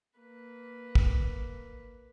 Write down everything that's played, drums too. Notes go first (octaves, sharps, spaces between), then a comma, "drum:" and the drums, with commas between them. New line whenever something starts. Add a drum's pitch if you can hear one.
A#3 B4
drum: kick